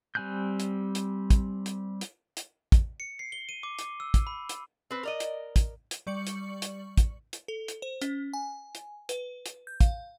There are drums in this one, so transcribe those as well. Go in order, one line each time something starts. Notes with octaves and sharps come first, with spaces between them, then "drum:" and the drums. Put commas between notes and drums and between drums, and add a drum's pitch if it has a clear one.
G3 C4 G#5 F#6 G6
drum: hi-hat
drum: hi-hat
drum: kick, hi-hat
drum: hi-hat
drum: hi-hat
drum: hi-hat
drum: kick, hi-hat
C#7
C7
G7
D#7
D6
D6, drum: hi-hat
E6
drum: kick, hi-hat
B5
drum: hi-hat
C4 B4
A#4 D5 D#5
drum: hi-hat
drum: kick, hi-hat
drum: hi-hat
G3 D5 C#6 C#7 F#7
drum: hi-hat
drum: hi-hat
drum: kick, hi-hat
drum: hi-hat
A4
drum: hi-hat
C5
C#4, drum: hi-hat
G#5
drum: hi-hat
B4, drum: hi-hat
drum: hi-hat
G6
F5, drum: kick, hi-hat